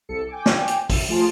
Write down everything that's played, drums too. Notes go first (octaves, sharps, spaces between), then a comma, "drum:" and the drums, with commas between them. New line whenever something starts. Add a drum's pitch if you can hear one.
C2 A4 C#7
G5 G#5 D6
drum: snare
drum: hi-hat
E5, drum: kick, open hi-hat
F3 A3 F4 G#4 A5 C6